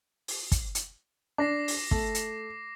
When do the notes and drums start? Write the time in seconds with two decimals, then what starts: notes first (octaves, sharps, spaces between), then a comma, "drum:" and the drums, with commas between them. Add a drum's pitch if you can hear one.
0.28 drum: open hi-hat
0.52 drum: kick, hi-hat
0.75 drum: hi-hat
1.38 D4 D6 A#6 C7
1.68 drum: open hi-hat
1.91 A3, drum: kick
2.15 drum: hi-hat